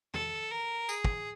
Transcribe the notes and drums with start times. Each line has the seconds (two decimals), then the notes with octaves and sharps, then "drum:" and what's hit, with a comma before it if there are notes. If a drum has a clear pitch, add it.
0.14 A4, drum: tom E2
0.51 A#4
0.89 G#4, drum: tambourine
1.05 drum: kick